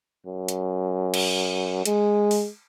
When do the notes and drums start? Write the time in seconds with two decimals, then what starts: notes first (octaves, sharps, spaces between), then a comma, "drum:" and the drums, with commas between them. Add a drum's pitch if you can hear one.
0.26 F#2
0.48 drum: hi-hat
1.14 drum: cymbal
1.85 G#3, drum: hi-hat
2.31 drum: open hi-hat